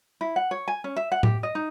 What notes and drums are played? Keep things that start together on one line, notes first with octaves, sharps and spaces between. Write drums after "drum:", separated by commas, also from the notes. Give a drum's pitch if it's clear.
E4
F#5
C#5
G#5
C#4
E5
F#5
G4, drum: tom A2
D#5
D#4